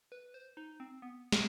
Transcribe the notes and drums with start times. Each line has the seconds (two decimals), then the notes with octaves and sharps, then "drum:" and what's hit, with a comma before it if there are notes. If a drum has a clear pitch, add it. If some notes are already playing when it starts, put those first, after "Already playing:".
0.12 B4
0.34 C5
0.57 D#4
0.80 C4
1.02 B3
1.32 C4, drum: snare